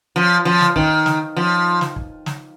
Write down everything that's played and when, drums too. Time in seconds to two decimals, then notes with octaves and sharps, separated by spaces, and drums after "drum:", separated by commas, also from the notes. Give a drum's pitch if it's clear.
0.16 F3
0.45 F3
0.61 drum: snare
0.76 D#3, drum: kick
1.06 drum: snare
1.36 F3
1.81 drum: snare
1.96 drum: kick
2.26 drum: snare